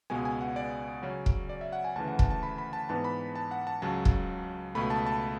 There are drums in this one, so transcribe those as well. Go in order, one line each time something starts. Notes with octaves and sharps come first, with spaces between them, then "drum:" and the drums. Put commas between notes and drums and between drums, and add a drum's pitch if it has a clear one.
C#2 B2 G#3 B3 G#5
G#5
F#5
D5
C#3 F#3 C#4
drum: kick
D5
E5
F#5
G#5
D2 C#3 E3 A5
F#5
A5, drum: kick
A5
B5
B5
A5
G#2 E3 B3 D4 A5
B5
A5
F#5
A5
C#2 C#3 F#3 A5
drum: kick
C#2 B2 A3 B5
A5
A5